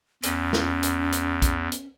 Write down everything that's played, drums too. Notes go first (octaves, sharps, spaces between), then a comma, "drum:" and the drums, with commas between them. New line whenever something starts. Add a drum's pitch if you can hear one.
E2 C#4, drum: hi-hat
drum: snare
drum: hi-hat
drum: hi-hat
drum: kick, hi-hat
drum: hi-hat